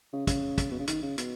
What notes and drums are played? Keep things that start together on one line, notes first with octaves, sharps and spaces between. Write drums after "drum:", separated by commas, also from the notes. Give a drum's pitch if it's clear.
C#3
C#3, drum: kick, hi-hat
drum: kick, hi-hat
B2
C#3
D#3, drum: hi-hat
C#3
B2, drum: hi-hat